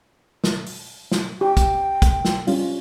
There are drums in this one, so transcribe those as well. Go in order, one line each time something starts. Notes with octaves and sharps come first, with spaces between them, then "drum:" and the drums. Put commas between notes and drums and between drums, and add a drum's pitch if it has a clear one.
drum: snare
drum: open hi-hat
drum: snare
G4 G5
drum: kick, hi-hat
drum: kick, hi-hat
drum: snare
G3 C#4 F4, drum: open hi-hat